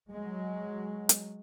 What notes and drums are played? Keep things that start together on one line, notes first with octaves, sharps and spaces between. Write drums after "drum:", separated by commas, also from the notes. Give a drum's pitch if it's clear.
F#3 G#3
drum: hi-hat